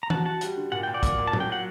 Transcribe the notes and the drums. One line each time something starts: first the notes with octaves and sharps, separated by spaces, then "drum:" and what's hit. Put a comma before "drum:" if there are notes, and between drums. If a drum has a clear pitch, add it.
A#5
F#4 F#5 A5, drum: tom E3
F#4 F#5 A5
G3, drum: hi-hat
D3
A#2 F#5
A#2 G5
D5 F#5
A#3, drum: kick, hi-hat
A#2
A5
F#3, drum: tom A2
G5
F#3 F#5